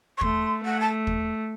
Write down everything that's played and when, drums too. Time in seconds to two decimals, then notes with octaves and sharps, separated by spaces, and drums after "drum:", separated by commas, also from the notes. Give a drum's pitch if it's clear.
0.17 C#6
0.21 A3 C6, drum: kick
0.64 A3 F#5
0.80 A5
1.07 drum: kick